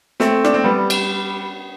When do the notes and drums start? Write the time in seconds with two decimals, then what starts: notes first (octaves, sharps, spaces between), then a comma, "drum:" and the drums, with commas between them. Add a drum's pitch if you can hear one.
0.20 A3 C4, drum: snare
0.44 D4, drum: rim click
0.54 C4
0.64 G3 B3
0.90 drum: cymbal